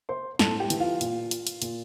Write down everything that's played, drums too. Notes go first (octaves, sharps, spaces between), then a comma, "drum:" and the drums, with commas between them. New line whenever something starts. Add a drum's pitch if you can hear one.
C5 C6
A2 A4 A5, drum: snare
G4 G5
E3, drum: hi-hat
F4 F5
A#2, drum: hi-hat
drum: hi-hat
drum: hi-hat
A#2, drum: hi-hat